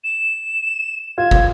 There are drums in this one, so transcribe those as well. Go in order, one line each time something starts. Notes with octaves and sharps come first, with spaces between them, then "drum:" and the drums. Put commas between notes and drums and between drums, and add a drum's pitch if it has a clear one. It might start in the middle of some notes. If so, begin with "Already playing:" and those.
E7
F4 G#6
drum: kick